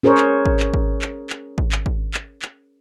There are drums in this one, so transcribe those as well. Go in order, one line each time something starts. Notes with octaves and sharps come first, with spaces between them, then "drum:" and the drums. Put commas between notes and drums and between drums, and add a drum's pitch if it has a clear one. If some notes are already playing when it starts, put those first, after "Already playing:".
C#4 G#4 A#4 C5 C#5
drum: clap
drum: kick
drum: clap
drum: kick
drum: clap
drum: clap
drum: kick
drum: clap
drum: kick
drum: clap
drum: clap